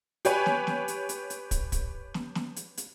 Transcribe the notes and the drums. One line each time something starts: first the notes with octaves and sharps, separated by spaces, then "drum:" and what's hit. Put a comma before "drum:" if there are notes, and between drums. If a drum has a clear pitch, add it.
G4 B4 C#5 G#5, drum: hi-hat
drum: snare
drum: snare
drum: hi-hat
drum: hi-hat
drum: hi-hat
drum: kick, hi-hat
drum: kick, hi-hat
drum: snare
drum: snare
drum: hi-hat
drum: hi-hat